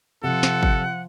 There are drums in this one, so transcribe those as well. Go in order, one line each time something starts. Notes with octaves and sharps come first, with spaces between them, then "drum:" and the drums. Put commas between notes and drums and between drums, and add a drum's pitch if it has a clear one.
C3 F3 A4 F#5
drum: snare
drum: kick